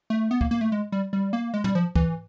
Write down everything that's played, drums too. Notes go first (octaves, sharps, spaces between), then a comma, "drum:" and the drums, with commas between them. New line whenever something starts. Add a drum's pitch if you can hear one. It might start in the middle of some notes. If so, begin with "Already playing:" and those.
A3
B3
A#3, drum: kick
A#3
A3
G#3
G3
G3
A#3
G#3
G3, drum: tom
F3
E3, drum: kick